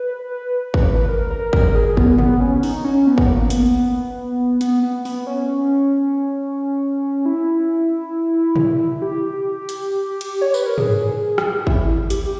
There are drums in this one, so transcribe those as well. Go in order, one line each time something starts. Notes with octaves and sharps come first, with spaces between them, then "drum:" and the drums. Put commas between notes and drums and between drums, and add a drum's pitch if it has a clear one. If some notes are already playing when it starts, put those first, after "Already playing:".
Already playing: B4
drum: kick
A#4
A#4
A#4, drum: kick
G#4
B3, drum: kick
B3, drum: tom
C#4
D#4, drum: open hi-hat
C#4
B3
drum: kick
A#3
B3, drum: hi-hat
B3, drum: hi-hat
B3
B3, drum: open hi-hat
C#4
E4
drum: tom
G4
drum: hi-hat
drum: cymbal
C#5
B4, drum: tambourine
A#4
G#4, drum: tom
drum: rim click
E4, drum: kick
G4, drum: hi-hat